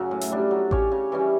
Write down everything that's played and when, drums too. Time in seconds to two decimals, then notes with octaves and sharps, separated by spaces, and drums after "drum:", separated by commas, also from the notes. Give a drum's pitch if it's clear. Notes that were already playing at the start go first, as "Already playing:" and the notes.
Already playing: F#2 C#3 F#3
0.11 A2
0.21 drum: hi-hat
0.31 G3 D4
0.51 F#3
0.71 C#4 G4 C#5, drum: kick A1
0.92 C#3
1.12 E3 G3 C#4